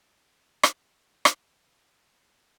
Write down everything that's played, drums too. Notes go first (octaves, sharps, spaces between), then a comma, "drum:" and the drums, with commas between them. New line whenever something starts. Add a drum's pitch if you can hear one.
E3 G3 C4 D4 A4
drum: rim click
drum: rim click